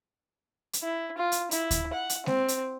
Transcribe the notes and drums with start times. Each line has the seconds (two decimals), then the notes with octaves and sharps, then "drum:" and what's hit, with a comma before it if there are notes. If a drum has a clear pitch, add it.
0.73 drum: hi-hat
0.83 E4
1.17 F4
1.32 drum: hi-hat
1.51 E4, drum: hi-hat
1.71 drum: kick D2, hi-hat
1.93 F#5
2.09 drum: hi-hat
2.26 C4, drum: snare G#3
2.48 drum: hi-hat